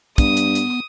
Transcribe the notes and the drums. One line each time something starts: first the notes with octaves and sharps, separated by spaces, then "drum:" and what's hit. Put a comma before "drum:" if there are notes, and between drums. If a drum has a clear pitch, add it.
G2 B3 D#6, drum: kick, hi-hat
drum: hi-hat
drum: hi-hat